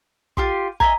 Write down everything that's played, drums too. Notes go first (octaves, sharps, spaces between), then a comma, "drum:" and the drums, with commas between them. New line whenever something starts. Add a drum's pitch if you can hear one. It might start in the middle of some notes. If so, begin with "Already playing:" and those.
F4 G4 C6, drum: kick
D#5 E5 G#5 A#5, drum: kick